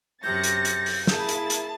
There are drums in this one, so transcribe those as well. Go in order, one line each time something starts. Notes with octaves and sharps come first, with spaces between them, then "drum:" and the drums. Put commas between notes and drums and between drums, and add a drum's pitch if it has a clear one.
F#2 C3 G6 A6 A#6 C#7
drum: hi-hat
drum: hi-hat
drum: open hi-hat
A#3 E4 G#4 A5 A6, drum: snare
drum: hi-hat
drum: hi-hat